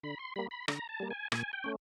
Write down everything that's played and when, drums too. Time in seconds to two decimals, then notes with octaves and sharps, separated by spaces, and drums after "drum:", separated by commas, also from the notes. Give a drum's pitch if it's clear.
0.03 D3 B5
0.19 C6
0.36 G3 A#3 B5
0.51 B5
0.68 D3 A#5, drum: rim click
0.89 A5
1.00 G3 A#3
1.10 G#5
1.32 A#2 G#5, drum: rim click
1.53 G5
1.64 A3 C#4